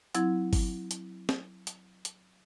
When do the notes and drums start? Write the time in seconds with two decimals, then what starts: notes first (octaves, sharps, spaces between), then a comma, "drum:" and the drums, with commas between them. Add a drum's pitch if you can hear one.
0.15 F#3 C4 E4 G#6, drum: hi-hat
0.53 drum: kick G1, open hi-hat
0.91 drum: hi-hat
1.29 drum: snare
1.67 drum: hi-hat
2.05 drum: hi-hat